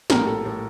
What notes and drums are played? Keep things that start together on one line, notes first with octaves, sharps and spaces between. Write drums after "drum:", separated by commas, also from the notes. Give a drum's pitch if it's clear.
A#1 A2 G3 A#4, drum: snare
A4
A2 G3 A4